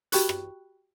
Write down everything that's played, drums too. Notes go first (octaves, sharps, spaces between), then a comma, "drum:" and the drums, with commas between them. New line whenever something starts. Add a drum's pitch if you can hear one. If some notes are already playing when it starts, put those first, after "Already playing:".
F#4 G4 G5 B5 C#6 F#6, drum: hi-hat
drum: rim click